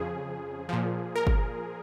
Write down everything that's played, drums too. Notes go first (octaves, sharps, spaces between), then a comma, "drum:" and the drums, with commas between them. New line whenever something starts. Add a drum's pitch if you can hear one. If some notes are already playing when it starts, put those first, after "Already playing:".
Already playing: F2 C#3 F3 G#4
A#2 F3
A#4
drum: kick G1